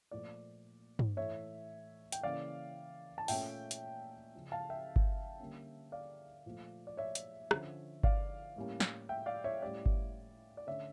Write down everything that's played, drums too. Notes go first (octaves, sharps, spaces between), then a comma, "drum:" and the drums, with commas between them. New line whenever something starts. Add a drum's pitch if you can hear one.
A#2 F3 A3 D5
drum: tom
A2 E3 A3 C#5 E5
G5, drum: hi-hat
C#3 E3 A#3 C#4 D5 F5
A5
A#2 A3 C#4 E5 G5, drum: open hi-hat
drum: hi-hat
C#3 F3 C#4
F5 A5
E5 G5
drum: kick G1
D3 G3 A#3 C#4
D5 F5
A#2 F3 A3
D5
C#5 E5
drum: hi-hat
D3 F3 C#4, drum: rim click
D5 F5, drum: kick G1
A2 G3 A#3 C#4
drum: snare
E5 G5
D5 F5
C#5 E5
A2 G3 C#4 D5
drum: kick G1
D5
D3 A3 C#4 C#5 E5